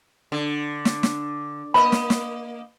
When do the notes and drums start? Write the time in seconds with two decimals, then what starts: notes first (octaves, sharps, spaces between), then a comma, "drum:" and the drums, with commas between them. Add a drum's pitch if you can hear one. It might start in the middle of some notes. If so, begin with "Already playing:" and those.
0.32 D3
0.85 drum: snare
1.03 drum: snare
1.74 A#3 B4 D#5 B5
1.92 drum: snare
2.10 drum: snare